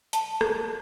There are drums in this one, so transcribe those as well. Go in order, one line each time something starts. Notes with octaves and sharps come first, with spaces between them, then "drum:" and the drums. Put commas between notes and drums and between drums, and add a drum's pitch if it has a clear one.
A5, drum: hi-hat
drum: rim click